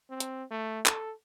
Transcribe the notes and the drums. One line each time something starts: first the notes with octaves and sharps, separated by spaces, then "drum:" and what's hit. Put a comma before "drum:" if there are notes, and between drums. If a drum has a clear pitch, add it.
C4
drum: hi-hat
A3
A4, drum: clap